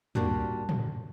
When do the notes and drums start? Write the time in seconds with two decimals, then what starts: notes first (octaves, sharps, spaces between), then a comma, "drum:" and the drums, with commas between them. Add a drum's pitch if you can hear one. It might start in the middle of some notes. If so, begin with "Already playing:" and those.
0.15 A#2 G3 A#3 D4 F#4, drum: tom
0.69 drum: tom